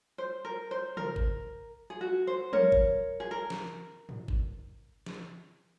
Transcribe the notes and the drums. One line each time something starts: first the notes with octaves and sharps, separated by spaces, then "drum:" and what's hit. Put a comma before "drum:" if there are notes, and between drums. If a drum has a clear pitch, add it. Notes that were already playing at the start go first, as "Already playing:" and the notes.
C5
A#4
C5
A#4, drum: tom
drum: kick
G#4
F#4
C5
A#4 C#5, drum: tom
drum: kick
G#4
A#4
drum: snare
drum: tom
drum: kick
drum: snare